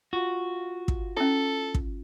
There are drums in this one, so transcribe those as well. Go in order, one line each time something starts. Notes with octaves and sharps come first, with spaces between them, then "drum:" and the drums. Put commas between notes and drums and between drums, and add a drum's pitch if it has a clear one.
F4 F#4
drum: kick
C#4 E4 A4
drum: kick